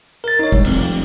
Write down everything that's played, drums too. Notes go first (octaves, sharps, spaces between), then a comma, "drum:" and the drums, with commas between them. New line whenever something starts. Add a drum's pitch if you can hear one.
A#4 A6
D#4 C#5
G#2 G3, drum: kick
F1, drum: cymbal